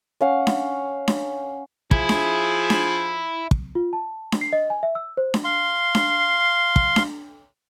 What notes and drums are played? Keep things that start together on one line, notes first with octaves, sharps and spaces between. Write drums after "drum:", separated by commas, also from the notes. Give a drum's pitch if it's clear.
C#4 F5 F#5
drum: snare D4
drum: snare D4
F3 E4 G#4, drum: kick
drum: snare D4
drum: snare D4
drum: kick
F4
A5
drum: snare D4
C7
D#5
G#5
E5
E6
C5
drum: snare D4
F5 C6
drum: snare D4
drum: kick
drum: snare D4